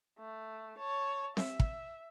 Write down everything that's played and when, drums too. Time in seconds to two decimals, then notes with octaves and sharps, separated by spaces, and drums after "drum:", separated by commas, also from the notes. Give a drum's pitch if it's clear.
0.19 A3
0.78 C#5 A5
1.37 E5, drum: snare C4
1.60 drum: kick